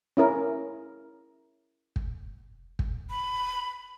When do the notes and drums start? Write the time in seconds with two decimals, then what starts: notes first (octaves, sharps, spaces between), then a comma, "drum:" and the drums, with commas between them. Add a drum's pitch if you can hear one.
0.17 C#4 E4 A#4
1.96 drum: kick
2.79 drum: kick
3.10 B5